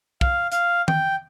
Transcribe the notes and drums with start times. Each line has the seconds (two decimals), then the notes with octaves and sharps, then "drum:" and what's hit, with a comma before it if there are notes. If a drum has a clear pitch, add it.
0.21 F5, drum: kick
0.52 F5, drum: hi-hat
0.88 G5, drum: tom D#3